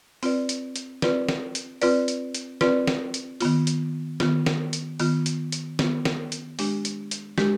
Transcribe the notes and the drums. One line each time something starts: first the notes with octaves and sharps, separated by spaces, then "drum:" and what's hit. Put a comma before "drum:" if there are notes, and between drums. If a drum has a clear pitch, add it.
C4 F4 B4 D5, drum: open hi-hat
drum: hi-hat
drum: hi-hat
C4 F4 B4 D5, drum: snare
drum: snare
drum: hi-hat
C4 F4 B4 D5, drum: open hi-hat
drum: hi-hat
drum: hi-hat
C4 F4 B4 D5, drum: snare
drum: snare
drum: hi-hat
D#3 B3 F4, drum: open hi-hat
drum: hi-hat
D#3 B3 F4, drum: snare
drum: snare
drum: hi-hat
D#3 B3 F4, drum: open hi-hat
drum: hi-hat
drum: hi-hat
D#3 B3 F4, drum: snare
drum: snare
drum: hi-hat
G#3 D4 G4, drum: open hi-hat
drum: hi-hat
drum: hi-hat
G#3 D4 G4, drum: snare